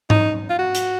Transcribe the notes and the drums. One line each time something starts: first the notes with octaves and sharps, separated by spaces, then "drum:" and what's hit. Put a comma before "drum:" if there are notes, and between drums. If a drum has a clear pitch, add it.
D#4, drum: tom G#2
F4
F#4
drum: hi-hat